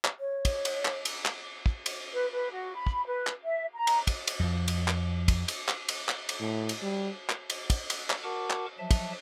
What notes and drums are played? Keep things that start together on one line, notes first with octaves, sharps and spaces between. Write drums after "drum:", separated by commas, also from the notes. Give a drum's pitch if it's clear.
drum: clap
C#5
drum: kick, cymbal
drum: cymbal
drum: clap
drum: cymbal
drum: clap
drum: kick
drum: cymbal
B4
B4
F#4
B5
drum: kick
B4
drum: clap
E5
A#5
drum: cymbal
drum: kick, cymbal
drum: cymbal
F2 F3
drum: cymbal
drum: clap
drum: kick, cymbal
drum: cymbal
drum: clap
drum: cymbal
drum: clap
drum: cymbal
A2
drum: cymbal
G3
drum: clap
drum: cymbal
drum: kick, cymbal
drum: cymbal
drum: clap
F#4 A#4 F#5 A5 C#6 D6
drum: clap
F3 F#3 E5 A5
drum: kick, cymbal